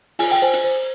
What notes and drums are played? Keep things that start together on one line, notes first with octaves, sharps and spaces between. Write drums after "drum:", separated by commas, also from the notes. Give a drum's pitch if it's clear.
F4 G#5, drum: open hi-hat
G5
C5 G#5
drum: hi-hat
C5